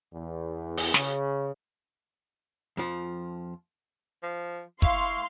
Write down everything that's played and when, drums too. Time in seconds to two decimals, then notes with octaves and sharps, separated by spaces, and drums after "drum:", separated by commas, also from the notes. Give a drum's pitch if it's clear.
0.13 E2
0.77 drum: open hi-hat
0.94 C#3, drum: snare
2.77 F2 F3
4.23 F3
4.82 E4 F5 C6 C#6, drum: kick